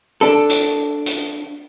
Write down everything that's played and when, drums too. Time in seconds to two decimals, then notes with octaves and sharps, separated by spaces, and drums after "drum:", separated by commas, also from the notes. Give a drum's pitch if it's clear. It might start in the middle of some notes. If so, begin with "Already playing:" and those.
0.21 D4 A4
0.50 drum: hi-hat
1.06 drum: hi-hat